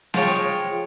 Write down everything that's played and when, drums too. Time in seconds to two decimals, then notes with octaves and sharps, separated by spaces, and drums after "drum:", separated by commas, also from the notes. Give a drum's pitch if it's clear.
0.14 F3 G#3 C#5 G5, drum: snare